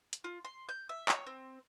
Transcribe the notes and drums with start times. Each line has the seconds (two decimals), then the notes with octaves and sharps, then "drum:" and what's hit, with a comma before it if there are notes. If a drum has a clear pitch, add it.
0.13 drum: hi-hat
0.24 F4
0.45 C6
0.69 G6
0.89 E5
1.09 C#5, drum: clap
1.27 C4